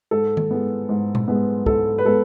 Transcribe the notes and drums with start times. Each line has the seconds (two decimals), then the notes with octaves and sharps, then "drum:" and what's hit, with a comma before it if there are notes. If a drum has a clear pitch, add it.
0.11 G#2 A4
0.37 drum: tom D#3
0.51 G#3 B3
0.89 G#2
1.15 drum: tom A#2
1.28 G#3 B3
1.66 G#2 A4, drum: kick
1.98 B4
2.06 G#3 B3 A4